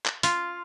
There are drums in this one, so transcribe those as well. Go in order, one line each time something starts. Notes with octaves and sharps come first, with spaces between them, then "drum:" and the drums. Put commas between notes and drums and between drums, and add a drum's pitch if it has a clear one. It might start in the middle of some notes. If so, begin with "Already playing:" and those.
drum: clap
F4, drum: hi-hat